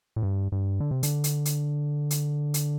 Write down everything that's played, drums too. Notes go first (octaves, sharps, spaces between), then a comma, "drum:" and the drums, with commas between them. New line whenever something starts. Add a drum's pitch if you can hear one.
A2
G2
G2
D3
C3
D3, drum: hi-hat
drum: hi-hat
drum: hi-hat
drum: hi-hat
drum: hi-hat